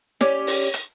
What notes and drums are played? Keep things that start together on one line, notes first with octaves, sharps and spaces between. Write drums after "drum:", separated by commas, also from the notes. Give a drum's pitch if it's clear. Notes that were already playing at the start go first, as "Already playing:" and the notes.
C#4 G4 D5, drum: snare
drum: open hi-hat
drum: hi-hat